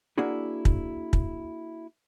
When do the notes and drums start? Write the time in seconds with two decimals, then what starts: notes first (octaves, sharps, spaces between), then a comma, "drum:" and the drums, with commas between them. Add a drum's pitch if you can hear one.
0.18 A#3 D4 E4 F#4 G#4
0.65 drum: kick
1.13 drum: kick